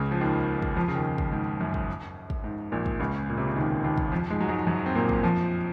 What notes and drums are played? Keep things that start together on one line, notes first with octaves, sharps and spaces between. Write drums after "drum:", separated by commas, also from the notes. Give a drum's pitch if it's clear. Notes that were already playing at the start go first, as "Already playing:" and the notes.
Already playing: C#2 C#3
F3
D#2 D#3
drum: kick
F2 F3
C#3
D#2 D#3
drum: kick
G#2
F#2
drum: kick
drum: kick
G#2
A#1 A#2
drum: kick
C#2 C#3
A#2
C3
C#3
D#2 D#3
D#2 D#3
drum: kick
F2 F3
G#2 G#3
F#3
G#2 G#3
F#2 F#3
C4
A#2 A#3
drum: kick
F2 F3